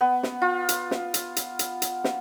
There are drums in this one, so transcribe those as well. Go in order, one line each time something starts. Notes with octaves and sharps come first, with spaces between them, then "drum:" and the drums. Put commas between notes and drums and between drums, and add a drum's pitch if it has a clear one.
B3
drum: snare
F4
drum: hi-hat
drum: snare
drum: hi-hat
drum: hi-hat
drum: hi-hat
drum: hi-hat
drum: snare